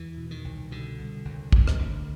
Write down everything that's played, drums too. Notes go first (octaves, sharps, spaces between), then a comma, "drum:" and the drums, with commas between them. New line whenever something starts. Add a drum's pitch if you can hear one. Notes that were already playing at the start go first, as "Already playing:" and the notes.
Already playing: E2 E3
B2
D#3
C2
B2 D3
C2
C2
D2, drum: kick
drum: rim click
D2